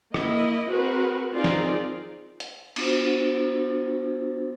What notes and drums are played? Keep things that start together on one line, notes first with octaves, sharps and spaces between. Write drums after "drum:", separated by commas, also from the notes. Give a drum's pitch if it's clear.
A#3 E4 D#5, drum: rim click
C4 F#4 G#4 A#4 B4
C4 D#4 F4 G#4 A#4 D5
drum: snare
drum: hi-hat
B3 D4 F4 F#4 C5, drum: cymbal